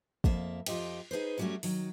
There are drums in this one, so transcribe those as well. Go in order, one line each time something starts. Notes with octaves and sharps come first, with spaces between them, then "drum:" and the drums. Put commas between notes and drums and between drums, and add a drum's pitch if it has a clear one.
F2 A#3 E5 A5, drum: kick
F2 F4 G4 D#5 G5, drum: cymbal
D#4 G#4 B4 C5
F#2 F#3 G3 A3 C#4 F#4
D#3 F#3, drum: open hi-hat